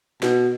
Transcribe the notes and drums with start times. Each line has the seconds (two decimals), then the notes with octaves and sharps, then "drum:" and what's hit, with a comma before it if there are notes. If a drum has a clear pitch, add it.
0.23 B2, drum: snare